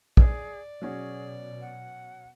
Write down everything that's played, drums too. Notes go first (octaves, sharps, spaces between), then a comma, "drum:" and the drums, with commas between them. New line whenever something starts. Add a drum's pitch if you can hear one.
G#4 D5, drum: kick A#1
B2 F#3 C#4 F#4 G#4
F#5